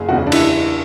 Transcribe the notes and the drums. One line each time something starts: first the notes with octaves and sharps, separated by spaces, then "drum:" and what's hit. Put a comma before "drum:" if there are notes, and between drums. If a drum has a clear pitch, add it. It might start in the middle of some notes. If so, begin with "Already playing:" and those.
Already playing: F#1 G#4
E2 C#3 G#3 F#4
D4
E4, drum: cymbal